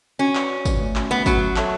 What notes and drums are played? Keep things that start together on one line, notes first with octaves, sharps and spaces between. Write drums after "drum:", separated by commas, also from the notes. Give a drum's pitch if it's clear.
C#4 F#4
B4 D5, drum: clap
F#4
B4 D5, drum: kick, tambourine
A3
C#4 F#4, drum: clap
A3 B3
F#3 C#4 F#4, drum: kick, tambourine
F#4
A4 C#5 E5 A5, drum: clap